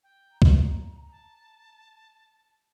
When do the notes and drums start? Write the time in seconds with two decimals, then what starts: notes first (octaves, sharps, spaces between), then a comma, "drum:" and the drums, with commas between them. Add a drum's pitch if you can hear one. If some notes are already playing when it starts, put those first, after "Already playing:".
0.03 G5
0.31 A#5
0.42 drum: kick C#2
1.11 A5